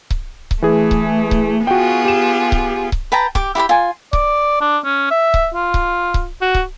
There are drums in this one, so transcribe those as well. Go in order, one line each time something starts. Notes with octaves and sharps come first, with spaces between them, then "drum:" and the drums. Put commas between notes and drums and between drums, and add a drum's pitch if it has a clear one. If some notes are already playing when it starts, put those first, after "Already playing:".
drum: kick C#1
drum: kick C#1
E3 A3 G#4
drum: kick C#1
drum: kick C#1
B3 F4 F#4 G#4 G5
G4 E7
drum: kick C#1
drum: kick C#1
B4 G5 A5 A#5
G4 D6, drum: kick C#1
E4 G4 E5 B5
F4 G#5
D5, drum: kick C#1
D4
C#4
E5
drum: kick C#1
F4
drum: kick C#1
drum: kick C#1
F#4
drum: kick C#1